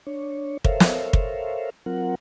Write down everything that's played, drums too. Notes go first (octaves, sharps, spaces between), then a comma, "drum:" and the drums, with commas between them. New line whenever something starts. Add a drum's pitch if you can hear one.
D4 C#5
A4 A#4 C5 C#5 E5 F5, drum: kick
drum: snare
drum: kick
F#3 C4 F4 A#4 F#5